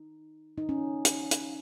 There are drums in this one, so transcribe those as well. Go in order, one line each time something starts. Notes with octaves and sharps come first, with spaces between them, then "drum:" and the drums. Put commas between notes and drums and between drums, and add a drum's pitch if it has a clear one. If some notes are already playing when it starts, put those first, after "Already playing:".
Already playing: D#4
D#4
C#4
drum: hi-hat
drum: hi-hat